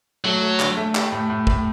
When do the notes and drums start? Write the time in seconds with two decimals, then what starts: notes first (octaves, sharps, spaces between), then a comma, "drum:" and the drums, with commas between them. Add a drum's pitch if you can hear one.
0.25 F#3 A3
0.42 A3
0.60 D3, drum: clap
0.77 A3
0.95 G4, drum: clap
1.12 A2
1.30 A2
1.47 A2, drum: kick